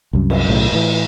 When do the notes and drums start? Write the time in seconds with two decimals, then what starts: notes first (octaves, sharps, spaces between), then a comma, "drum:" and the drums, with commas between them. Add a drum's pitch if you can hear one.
0.13 C2 F#2
0.30 drum: cymbal
0.49 B1 A2 C#3
0.72 A2 E3